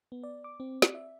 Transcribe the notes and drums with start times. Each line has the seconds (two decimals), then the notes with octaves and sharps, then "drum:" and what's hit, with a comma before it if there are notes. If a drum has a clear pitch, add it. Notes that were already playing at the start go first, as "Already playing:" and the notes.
0.12 B3
0.23 D5
0.44 D6
0.60 C4
0.82 D5, drum: snare
0.95 E5